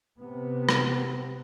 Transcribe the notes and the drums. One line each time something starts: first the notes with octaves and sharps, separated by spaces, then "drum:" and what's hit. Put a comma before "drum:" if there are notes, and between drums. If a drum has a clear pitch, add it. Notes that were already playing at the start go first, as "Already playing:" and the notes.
C3 B3
drum: rim click